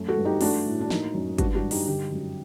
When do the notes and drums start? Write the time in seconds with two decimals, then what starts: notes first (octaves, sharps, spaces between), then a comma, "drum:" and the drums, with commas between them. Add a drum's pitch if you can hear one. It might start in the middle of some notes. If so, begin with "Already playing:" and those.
Already playing: F#2 A3
0.09 F#4 A4
0.17 G2
0.25 D#4 G4
0.41 A3 D4 F#4, drum: open hi-hat
0.66 A2
0.81 D4
0.90 A#3 D#4, drum: snare
1.14 F#2
1.38 G2 D4 F#4, drum: kick G1, hi-hat
1.55 D4 F#4
1.63 G2
1.71 D#4 G4, drum: open hi-hat
1.87 D3 D#4 G4
2.12 F#2